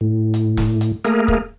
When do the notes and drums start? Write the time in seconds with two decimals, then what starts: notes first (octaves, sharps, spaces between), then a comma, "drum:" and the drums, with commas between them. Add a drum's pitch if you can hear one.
0.01 A2
0.34 drum: hi-hat
0.57 drum: snare
0.81 drum: hi-hat
1.05 A3 A#3 G#4 A#4, drum: hi-hat
1.28 drum: kick